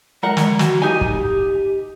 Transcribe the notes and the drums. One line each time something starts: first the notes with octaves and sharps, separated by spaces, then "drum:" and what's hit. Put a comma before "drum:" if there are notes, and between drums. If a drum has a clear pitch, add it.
G#3 A#4 F#5
drum: snare
F#4, drum: snare
D#4 G4 G#5
drum: kick